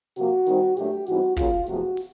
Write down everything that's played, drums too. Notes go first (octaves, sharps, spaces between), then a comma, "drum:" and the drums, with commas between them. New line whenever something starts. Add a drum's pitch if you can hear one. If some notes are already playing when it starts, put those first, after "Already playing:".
C3 F3 A#3 F#4, drum: hi-hat
D#3 G3 C4 D#4, drum: hi-hat
A#2 F#3 A3 D4 G4, drum: hi-hat
G#2 E3 G3 C4 D#4 F#4, drum: hi-hat
C#3 F#3 A#3 F4, drum: kick, hi-hat
E2 C3 F3 A3 F#4, drum: hi-hat
drum: open hi-hat